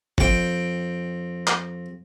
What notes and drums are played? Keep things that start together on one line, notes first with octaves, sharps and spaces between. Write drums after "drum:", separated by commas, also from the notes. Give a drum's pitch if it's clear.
F2 G5, drum: kick G1
drum: clap